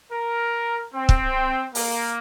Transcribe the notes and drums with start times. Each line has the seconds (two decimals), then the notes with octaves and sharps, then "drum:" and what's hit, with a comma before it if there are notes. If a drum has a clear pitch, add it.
0.12 A#4
0.93 C4
1.09 drum: kick
1.75 A#3, drum: open hi-hat